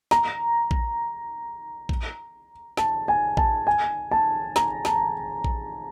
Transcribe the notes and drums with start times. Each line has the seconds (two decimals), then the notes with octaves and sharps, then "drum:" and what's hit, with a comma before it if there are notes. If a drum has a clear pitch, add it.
0.11 A#5, drum: snare
0.71 drum: kick A#1
1.89 drum: kick A#1
2.77 A5, drum: snare
3.08 G#5
3.37 A5, drum: kick A#1
3.67 G#5
4.11 A5
4.56 A#5, drum: snare
4.85 A5, drum: snare
5.44 drum: kick A#1